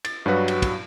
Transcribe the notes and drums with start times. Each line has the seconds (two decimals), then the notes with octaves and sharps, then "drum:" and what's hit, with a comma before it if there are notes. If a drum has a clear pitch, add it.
0.05 A6, drum: cymbal
0.26 G2 F#3 G3 F#4 B4
0.48 drum: cymbal
0.62 drum: kick, cymbal